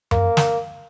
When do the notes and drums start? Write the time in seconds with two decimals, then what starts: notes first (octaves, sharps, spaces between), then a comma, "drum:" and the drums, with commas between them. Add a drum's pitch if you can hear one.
0.11 A#3, drum: tom F#2
0.37 drum: snare